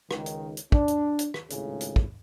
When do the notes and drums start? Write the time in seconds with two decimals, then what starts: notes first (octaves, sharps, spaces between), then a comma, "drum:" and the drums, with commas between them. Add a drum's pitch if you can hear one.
0.11 C#2 D#3, drum: rim click
0.26 drum: hi-hat
0.57 drum: hi-hat
0.72 D4, drum: kick
0.88 drum: hi-hat
1.19 drum: hi-hat
1.34 drum: rim click
1.50 G#1 C#2 A2 C#3, drum: hi-hat
1.81 drum: hi-hat
1.96 drum: kick